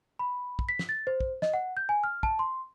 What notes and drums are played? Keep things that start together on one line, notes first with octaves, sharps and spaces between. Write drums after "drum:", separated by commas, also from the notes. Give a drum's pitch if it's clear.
B5
drum: kick
B6
drum: snare
A6
C5
drum: kick
D#5, drum: snare
F#5
G6
G#5
F6
A5, drum: kick
C6